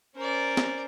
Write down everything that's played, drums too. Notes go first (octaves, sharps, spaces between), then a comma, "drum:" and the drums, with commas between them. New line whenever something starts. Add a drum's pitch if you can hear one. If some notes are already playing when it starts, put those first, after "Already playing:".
C#4 A#4 C5 D5
drum: snare C4